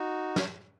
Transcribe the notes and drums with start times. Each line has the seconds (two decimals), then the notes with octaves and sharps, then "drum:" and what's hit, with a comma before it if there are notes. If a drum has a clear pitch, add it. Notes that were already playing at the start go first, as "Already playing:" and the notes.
Already playing: D#4 F#4
0.36 drum: snare